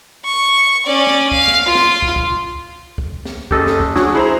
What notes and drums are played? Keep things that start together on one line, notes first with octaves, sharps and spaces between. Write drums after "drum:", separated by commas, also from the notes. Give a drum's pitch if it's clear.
C#6
C#4 D5
drum: snare
F5, drum: kick
drum: snare
F4
drum: snare
drum: kick
drum: kick
drum: kick
drum: snare
F#1 G4 A4 D#5, drum: kick
drum: snare
drum: kick
F#3 D4 F#4 G#4, drum: snare
E4 G#4 C5 A#5